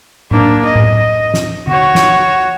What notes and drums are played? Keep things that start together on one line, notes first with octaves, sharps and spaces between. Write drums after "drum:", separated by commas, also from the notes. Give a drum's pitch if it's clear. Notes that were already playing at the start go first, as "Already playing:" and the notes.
A#3 D4, drum: tom A2
D#5
drum: tom A2
drum: snare
F#4 C#5, drum: tom D3
drum: snare